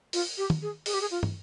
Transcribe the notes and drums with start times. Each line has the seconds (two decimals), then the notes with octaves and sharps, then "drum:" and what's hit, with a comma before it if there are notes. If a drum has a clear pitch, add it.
0.13 F4, drum: open hi-hat
0.37 G4
0.50 drum: tom
0.62 G#4
0.86 G#4, drum: open hi-hat
0.93 G4
1.01 G#4
1.11 F4
1.23 drum: tom